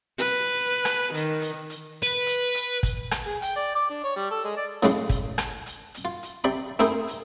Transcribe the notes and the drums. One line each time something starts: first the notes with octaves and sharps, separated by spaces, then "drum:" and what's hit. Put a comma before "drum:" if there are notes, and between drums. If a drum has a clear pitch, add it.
B4
drum: rim click
D#3, drum: hi-hat
drum: hi-hat
drum: hi-hat
B4
drum: hi-hat
drum: hi-hat
drum: kick, hi-hat
drum: rim click
G#4
G5, drum: hi-hat
D5
D6
D4
C#5
G3
A4
G#3
D5
A2 C#3 F3 G3 G#3 D4, drum: hi-hat
drum: kick, hi-hat
drum: rim click
drum: hi-hat
drum: hi-hat
F4
drum: hi-hat
C3 D5 B5
A3 C4 E4 G#4 A#4 G5, drum: hi-hat
drum: hi-hat